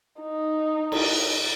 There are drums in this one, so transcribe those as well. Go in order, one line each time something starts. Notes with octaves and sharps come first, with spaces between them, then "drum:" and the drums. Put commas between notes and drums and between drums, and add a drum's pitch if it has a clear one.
D#4
drum: cymbal